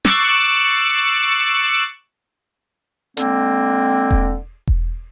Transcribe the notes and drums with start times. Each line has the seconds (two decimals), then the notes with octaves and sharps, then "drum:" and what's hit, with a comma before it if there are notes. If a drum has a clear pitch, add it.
0.05 C#6 D6 E6 F#6 A6 C7, drum: snare
3.17 D3 G#3 A#3 C4, drum: hi-hat
4.11 drum: kick E1
4.67 drum: kick E1